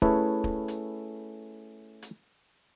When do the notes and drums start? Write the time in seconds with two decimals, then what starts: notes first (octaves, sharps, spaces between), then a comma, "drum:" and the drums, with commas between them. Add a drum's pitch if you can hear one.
0.02 A3 C#4 E4 G#4 A4 B4, drum: kick
0.44 drum: kick
0.68 drum: hi-hat
2.02 drum: hi-hat